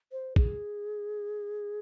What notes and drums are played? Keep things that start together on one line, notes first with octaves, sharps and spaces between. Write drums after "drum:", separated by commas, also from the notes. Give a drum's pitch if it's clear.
C5
G#4, drum: kick